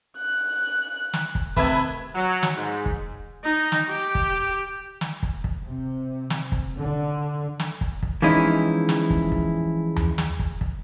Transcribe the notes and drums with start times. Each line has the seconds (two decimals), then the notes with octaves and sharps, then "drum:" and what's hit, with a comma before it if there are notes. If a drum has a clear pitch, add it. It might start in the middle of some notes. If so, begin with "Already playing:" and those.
0.17 F#6
1.13 drum: snare
1.35 drum: kick
1.57 C3 D#3 A3 B4 E5 G#6, drum: kick
2.15 F#3
2.43 drum: snare
2.57 G#2
2.86 drum: kick
3.45 D#4
3.72 drum: snare
3.89 G4
4.15 drum: kick
5.01 drum: snare
5.23 drum: kick
5.44 drum: kick
5.63 C3
6.30 drum: snare
6.52 drum: kick
6.79 D3
7.60 drum: snare
7.81 drum: kick
8.03 drum: kick
8.22 E3 F3 G#3 C#4 D#4 E4
8.89 drum: snare
9.10 drum: kick
9.32 drum: kick
9.96 drum: tom D#2
10.18 drum: snare
10.39 drum: kick
10.61 drum: kick